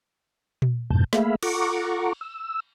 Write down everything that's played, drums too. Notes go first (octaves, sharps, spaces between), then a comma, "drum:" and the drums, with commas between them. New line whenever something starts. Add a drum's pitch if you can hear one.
drum: tom A#2
F2 G#2 B2 A5 G6
A3 A#3 G#4 E5 F5 B5, drum: snare
F4 A4 F#5 A#5 C#6 D6, drum: cymbal
E6